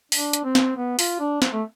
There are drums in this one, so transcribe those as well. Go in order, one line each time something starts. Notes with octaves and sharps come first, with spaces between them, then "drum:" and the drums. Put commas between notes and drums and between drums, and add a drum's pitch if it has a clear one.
D4, drum: open hi-hat
drum: hi-hat
C4
drum: snare
B3
F4, drum: open hi-hat
D4
C4, drum: snare
A3